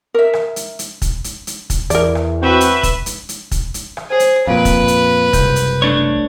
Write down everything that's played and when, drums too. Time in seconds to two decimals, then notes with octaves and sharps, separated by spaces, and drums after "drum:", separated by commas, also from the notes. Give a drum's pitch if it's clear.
0.14 A#4 E5
0.33 drum: rim click
0.56 drum: hi-hat
0.79 drum: hi-hat
1.02 drum: kick, hi-hat
1.24 drum: hi-hat
1.47 drum: hi-hat
1.70 drum: kick, hi-hat
1.90 E2 A#4 D5, drum: hi-hat
2.15 drum: rim click
2.42 C4 F#4 B4 E5
2.61 drum: hi-hat
2.83 drum: kick, hi-hat
3.06 drum: hi-hat
3.29 drum: hi-hat
3.51 drum: kick, hi-hat
3.74 drum: hi-hat
3.97 drum: rim click
4.10 G#4 C5 C#5
4.20 drum: hi-hat
4.47 F2 A#2 B4 F5 D7
4.65 drum: kick, hi-hat
4.88 drum: hi-hat
5.33 F#1 C2 G6, drum: kick, hi-hat
5.56 drum: hi-hat
5.82 A3 D4 C#5